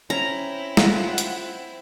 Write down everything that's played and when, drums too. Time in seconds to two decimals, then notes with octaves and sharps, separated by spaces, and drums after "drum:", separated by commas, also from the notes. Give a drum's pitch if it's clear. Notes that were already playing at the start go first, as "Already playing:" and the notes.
0.10 C4 C#4 E4 A#5
0.77 F4 F#5, drum: snare
1.18 drum: hi-hat